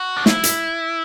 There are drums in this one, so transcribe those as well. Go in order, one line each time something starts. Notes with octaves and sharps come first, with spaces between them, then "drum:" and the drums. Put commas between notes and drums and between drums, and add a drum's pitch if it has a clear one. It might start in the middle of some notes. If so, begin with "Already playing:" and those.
Already playing: F#4
D4
E4, drum: snare
drum: hi-hat